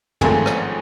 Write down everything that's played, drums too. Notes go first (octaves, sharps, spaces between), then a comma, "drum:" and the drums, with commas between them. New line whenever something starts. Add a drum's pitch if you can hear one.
A1 G#2 F3 A3 C4 G#4, drum: tom
drum: rim click